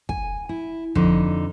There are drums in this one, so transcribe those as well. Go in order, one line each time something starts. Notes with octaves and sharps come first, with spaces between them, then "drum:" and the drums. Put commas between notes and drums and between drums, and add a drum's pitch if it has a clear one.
G#5, drum: kick
E4
F2 D3 D#4, drum: kick